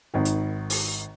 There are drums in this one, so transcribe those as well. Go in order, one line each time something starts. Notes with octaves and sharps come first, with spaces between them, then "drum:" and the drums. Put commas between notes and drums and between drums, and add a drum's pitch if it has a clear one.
G#1 D#3
drum: hi-hat
drum: open hi-hat